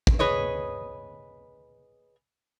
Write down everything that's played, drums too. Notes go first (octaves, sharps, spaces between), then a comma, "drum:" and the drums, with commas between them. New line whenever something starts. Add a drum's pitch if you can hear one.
drum: kick
G#4 B4 C#5 D#5